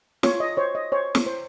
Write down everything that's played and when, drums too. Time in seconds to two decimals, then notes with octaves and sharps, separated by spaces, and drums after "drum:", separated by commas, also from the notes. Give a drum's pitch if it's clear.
0.23 F4 C#5, drum: snare
0.40 D#5
0.57 C5 C#5
0.75 D#5
0.92 C5 C#5
1.15 drum: snare
1.26 C5